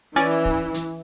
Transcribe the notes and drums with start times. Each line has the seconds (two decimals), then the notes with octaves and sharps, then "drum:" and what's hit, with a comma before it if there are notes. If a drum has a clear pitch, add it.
0.16 E3 C#4 D5 G#5, drum: open hi-hat
0.45 drum: kick
0.74 drum: hi-hat